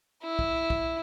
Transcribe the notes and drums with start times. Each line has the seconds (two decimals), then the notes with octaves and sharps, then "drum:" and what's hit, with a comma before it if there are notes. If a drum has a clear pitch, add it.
0.23 E4
0.39 drum: kick
0.70 drum: kick